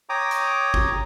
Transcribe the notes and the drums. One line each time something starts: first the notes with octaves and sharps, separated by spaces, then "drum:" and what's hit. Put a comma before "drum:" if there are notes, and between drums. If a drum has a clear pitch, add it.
C#5 G5 A#5 D6 D#6
drum: hi-hat
drum: kick